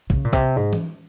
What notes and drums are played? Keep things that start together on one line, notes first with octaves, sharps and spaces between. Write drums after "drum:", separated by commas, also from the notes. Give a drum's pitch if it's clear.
C#3, drum: kick
A#2
C3, drum: kick
G#2
drum: tom E3